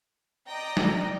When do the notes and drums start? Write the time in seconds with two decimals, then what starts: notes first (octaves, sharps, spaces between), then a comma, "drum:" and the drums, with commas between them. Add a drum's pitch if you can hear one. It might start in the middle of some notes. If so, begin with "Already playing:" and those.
0.46 D5 D#5 G5 A#5 A#6
0.77 drum: snare